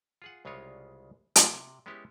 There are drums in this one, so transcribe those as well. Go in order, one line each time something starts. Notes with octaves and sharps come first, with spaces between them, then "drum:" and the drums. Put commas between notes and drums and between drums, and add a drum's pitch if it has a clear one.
F4 G#4 F#5
C2 C#3 G#3 F4 C#5
C3, drum: hi-hat
G#3 B3 C#4 E4 G4